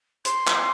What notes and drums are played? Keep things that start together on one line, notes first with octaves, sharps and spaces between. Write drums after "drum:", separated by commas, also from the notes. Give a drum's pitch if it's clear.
C6, drum: hi-hat
drum: clap